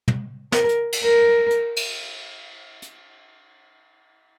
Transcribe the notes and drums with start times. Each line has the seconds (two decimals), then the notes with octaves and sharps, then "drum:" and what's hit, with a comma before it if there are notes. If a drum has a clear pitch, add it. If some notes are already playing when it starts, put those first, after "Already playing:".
0.08 drum: tom
0.52 A#4, drum: snare
0.69 drum: hi-hat
0.92 drum: cymbal
1.04 A#4
1.50 drum: hi-hat
1.76 drum: cymbal
2.82 drum: hi-hat